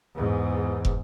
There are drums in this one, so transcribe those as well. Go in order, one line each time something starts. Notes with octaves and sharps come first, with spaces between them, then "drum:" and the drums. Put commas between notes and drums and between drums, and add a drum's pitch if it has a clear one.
E2 G#2
drum: kick